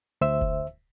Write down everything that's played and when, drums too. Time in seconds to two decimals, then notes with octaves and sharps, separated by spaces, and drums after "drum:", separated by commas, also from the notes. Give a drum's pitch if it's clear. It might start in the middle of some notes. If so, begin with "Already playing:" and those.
0.21 D2 C5 E5 E6
0.41 drum: kick F1